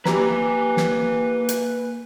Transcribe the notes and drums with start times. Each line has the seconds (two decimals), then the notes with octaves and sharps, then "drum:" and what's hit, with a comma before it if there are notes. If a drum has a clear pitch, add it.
0.05 A#3 G4 B4 G#5 A#5, drum: snare
0.77 drum: snare
1.49 drum: hi-hat